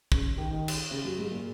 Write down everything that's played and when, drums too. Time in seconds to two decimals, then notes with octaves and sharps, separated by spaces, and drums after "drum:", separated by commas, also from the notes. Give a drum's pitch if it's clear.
0.12 C#3 C#4, drum: kick
0.38 D#3 D#4
0.51 D#3 D#4
0.68 drum: cymbal
0.91 C#3 C#4
1.05 F#2 F#3
1.18 G#2 G#3
1.31 A#2 A#3